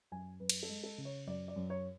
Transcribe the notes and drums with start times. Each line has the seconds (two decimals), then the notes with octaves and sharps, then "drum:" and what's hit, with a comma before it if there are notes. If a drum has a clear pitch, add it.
0.12 F#2 G#5
0.40 F#2 B4
0.49 drum: cymbal
0.63 A4
0.69 G#3
0.84 A4
0.98 C#3
1.05 C#5
1.27 F#2 D5
1.48 D5
1.56 F#2
1.70 C#5